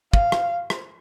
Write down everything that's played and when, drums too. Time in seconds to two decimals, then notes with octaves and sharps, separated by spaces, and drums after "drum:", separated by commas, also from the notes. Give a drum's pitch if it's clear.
0.13 F5, drum: kick
0.32 drum: rim click
0.70 drum: rim click